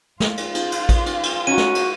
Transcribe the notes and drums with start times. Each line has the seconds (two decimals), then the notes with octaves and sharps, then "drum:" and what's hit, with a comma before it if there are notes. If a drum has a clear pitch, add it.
0.20 F4, drum: snare
0.37 drum: cymbal
0.55 drum: cymbal
0.72 drum: cymbal
0.89 drum: kick A1, cymbal
1.06 drum: cymbal
1.23 drum: cymbal
1.47 C#4 D#4 F#4 D#7
1.58 drum: snare
1.75 drum: cymbal